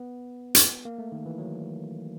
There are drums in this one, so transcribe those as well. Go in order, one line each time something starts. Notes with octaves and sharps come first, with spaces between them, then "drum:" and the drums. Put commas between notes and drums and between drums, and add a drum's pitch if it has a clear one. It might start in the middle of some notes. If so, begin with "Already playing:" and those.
Already playing: B3
drum: hi-hat
A#3
A3
D#3
E3
F#3